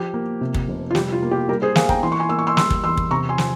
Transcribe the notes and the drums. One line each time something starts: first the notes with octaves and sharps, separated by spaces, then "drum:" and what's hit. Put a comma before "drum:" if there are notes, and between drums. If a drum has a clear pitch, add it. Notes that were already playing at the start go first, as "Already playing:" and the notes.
Already playing: F3 G4
A#3
C3
drum: kick
F1
F4
G3 G4, drum: snare
F4
A#3
G4
G3 G4 A#4
G#4 C5
A#3 F5 G#5, drum: snare
G5 A#5, drum: kick
E3 C6
C#6
G#5 C6
A#3 E6
C#6
C6 E6
G3 C6 E6, drum: snare
drum: kick
E2 C6 E6
drum: kick
C3 A#5 C#6
G#5 C6
F3, drum: snare